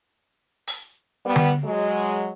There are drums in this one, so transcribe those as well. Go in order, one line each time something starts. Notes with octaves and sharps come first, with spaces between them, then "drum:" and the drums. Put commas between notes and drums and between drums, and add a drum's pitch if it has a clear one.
drum: open hi-hat
G3 B3
drum: tom D3
F#3 G#3